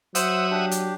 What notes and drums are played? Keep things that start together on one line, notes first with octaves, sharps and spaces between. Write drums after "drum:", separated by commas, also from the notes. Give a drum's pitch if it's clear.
F#3 C5 E5 F#5 D#6 E6, drum: hi-hat
D4 G4
drum: hi-hat